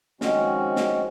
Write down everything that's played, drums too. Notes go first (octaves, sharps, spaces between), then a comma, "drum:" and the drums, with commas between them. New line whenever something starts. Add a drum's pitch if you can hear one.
D#3 F3 G#3 C4 C#4 F#4, drum: snare
drum: snare